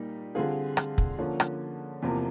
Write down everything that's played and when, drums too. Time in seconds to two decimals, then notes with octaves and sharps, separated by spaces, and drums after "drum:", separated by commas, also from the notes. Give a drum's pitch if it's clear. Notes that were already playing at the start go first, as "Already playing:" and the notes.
Already playing: A#2 G3 A#3 D#4 G4
0.35 D3 G3 C4 F4 G#4
0.77 drum: rim click
0.98 drum: kick
1.18 D3 F3 A#3 C#4
1.40 drum: rim click
2.02 E2 C3 F3 A#3